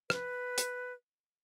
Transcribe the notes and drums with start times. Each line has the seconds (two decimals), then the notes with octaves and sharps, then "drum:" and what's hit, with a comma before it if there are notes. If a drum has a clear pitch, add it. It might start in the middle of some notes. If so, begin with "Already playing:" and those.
0.10 B4, drum: rim click
0.58 drum: hi-hat